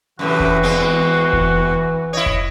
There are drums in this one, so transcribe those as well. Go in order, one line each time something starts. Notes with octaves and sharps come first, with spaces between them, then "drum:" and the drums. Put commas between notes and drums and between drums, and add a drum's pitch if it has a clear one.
F#2 A2 C3 E3 F#4
drum: kick F1
E2 G#3 C4
drum: kick F1
E4 C#5 D#5
drum: kick F1